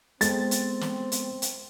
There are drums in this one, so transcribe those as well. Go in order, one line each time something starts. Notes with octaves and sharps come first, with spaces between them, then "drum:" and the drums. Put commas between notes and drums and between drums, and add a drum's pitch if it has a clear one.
G#3 B3 C4 A4 A6, drum: hi-hat
drum: hi-hat
drum: snare
drum: hi-hat
drum: hi-hat